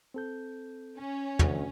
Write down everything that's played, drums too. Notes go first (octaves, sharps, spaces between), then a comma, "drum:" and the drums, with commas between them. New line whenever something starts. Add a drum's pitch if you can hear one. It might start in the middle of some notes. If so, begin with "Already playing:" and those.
C4 A4 G6
C#4
D2 F#5, drum: tom